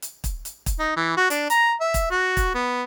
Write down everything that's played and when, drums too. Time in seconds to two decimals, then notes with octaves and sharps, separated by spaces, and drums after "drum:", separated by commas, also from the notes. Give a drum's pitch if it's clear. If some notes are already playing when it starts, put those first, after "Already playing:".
0.02 drum: hi-hat
0.24 drum: kick, hi-hat
0.45 drum: hi-hat
0.66 drum: kick, hi-hat
0.79 D#4
0.96 E3
1.17 F#4
1.30 D4, drum: hi-hat
1.50 A#5, drum: hi-hat
1.81 E5
1.94 drum: kick, hi-hat
2.11 F#4
2.37 drum: kick, hi-hat
2.55 B3